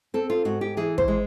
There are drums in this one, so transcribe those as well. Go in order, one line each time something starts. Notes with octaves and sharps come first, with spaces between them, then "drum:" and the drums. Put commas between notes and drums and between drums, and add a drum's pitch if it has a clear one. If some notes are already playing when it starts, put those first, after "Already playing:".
C4 A4
F4
G#2 F#4
G4
E3 G#4
C5, drum: kick
G#3